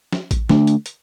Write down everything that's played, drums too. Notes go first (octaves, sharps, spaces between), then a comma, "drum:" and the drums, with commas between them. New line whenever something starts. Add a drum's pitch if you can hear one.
drum: snare
drum: kick A1, hi-hat
D3 A3 D4, drum: snare
drum: hi-hat
drum: hi-hat